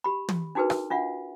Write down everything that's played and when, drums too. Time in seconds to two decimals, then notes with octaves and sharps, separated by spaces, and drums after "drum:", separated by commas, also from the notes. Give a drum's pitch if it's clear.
0.04 G4 B5
0.29 drum: tom
0.55 D4 D#4 F#4 G#4 A#4 B4
0.70 drum: rim click
0.91 D4 F4 E5 F#5